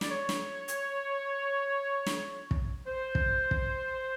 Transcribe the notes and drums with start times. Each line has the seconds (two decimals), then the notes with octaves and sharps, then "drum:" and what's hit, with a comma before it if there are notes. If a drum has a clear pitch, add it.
0.01 D5, drum: snare
0.09 C#5
0.29 drum: snare
0.68 drum: hi-hat
2.06 drum: snare
2.51 drum: kick
2.86 C5
3.15 drum: kick
3.51 drum: kick